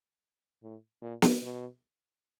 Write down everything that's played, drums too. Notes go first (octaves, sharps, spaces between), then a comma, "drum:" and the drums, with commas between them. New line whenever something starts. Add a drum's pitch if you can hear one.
A2
A#2
drum: snare
B2